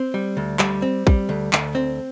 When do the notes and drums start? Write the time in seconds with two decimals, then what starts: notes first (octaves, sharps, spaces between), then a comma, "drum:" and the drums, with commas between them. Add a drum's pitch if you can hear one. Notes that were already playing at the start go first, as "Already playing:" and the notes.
Already playing: C4
0.14 G3
0.37 D2
0.59 G3, drum: clap
0.82 C4
1.07 G3, drum: kick
1.29 D2
1.53 D2, drum: clap
1.75 C4